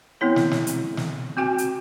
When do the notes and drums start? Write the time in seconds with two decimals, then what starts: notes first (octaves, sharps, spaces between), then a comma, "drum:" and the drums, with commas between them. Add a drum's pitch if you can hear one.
0.21 B3 C4 E4 C#5
0.36 drum: snare
0.51 drum: snare
0.67 drum: hi-hat
0.97 drum: snare
1.37 C4 F#4 G5 G#5
1.58 drum: hi-hat